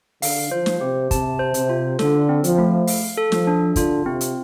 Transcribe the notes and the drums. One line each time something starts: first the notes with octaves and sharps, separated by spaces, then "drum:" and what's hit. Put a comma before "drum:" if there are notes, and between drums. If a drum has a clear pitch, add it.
D3 F5, drum: open hi-hat
F3 C5
drum: snare
C3 G4
C3 A5, drum: kick, hi-hat
C5
C3, drum: hi-hat
F4
D3 A4, drum: snare
C4
F3, drum: hi-hat
A3
F5, drum: open hi-hat
A4
F3, drum: snare
D4
D3 F4, drum: kick, hi-hat
C3 C4
drum: hi-hat